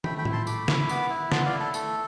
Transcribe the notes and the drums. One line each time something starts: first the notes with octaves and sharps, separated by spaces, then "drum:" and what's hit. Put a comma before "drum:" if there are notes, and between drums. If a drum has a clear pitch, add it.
A3 G5 B5, drum: tom
G5 B5
E4, drum: tom A2
A5 C6
A3 B5 D6, drum: tambourine
E4, drum: snare
B3, drum: tambourine
E4
B3 A5 C6, drum: snare
D5 F5
E4
A4
A3 A4, drum: tambourine